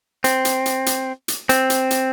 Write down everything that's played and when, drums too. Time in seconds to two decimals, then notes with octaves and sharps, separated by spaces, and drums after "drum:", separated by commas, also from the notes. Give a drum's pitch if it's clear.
0.24 C4, drum: hi-hat
0.45 drum: hi-hat
0.66 drum: hi-hat
0.86 drum: hi-hat
1.28 drum: hi-hat
1.49 C4, drum: hi-hat
1.70 drum: hi-hat
1.91 drum: hi-hat